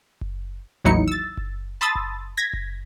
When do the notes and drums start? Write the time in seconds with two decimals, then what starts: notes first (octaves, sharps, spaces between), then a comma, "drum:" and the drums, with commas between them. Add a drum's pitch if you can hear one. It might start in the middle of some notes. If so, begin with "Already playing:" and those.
0.21 drum: kick F#1
0.85 A1 D#2 F#3 D#4 E4 C#7
1.08 E6 A6
1.37 drum: kick F#1
1.81 A5 B5 C6 D#6 E6 A6
1.95 drum: kick F#1
2.37 G#6 A#6 B6
2.53 drum: kick F#1